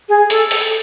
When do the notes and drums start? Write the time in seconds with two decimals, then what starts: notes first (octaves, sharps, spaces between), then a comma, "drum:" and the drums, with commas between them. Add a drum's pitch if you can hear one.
0.09 G#4
0.30 A4, drum: hi-hat
0.51 drum: open hi-hat